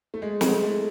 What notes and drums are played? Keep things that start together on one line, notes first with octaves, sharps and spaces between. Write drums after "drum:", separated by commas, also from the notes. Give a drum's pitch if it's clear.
A3
G#3
G#3, drum: snare
A3